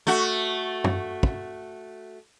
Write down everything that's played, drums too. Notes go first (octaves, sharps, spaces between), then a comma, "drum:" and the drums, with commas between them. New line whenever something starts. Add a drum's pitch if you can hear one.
A3 F#4
drum: tom F#2
drum: kick